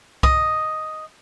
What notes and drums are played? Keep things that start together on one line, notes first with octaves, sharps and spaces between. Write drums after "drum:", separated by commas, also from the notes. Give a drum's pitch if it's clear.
D#5, drum: kick C2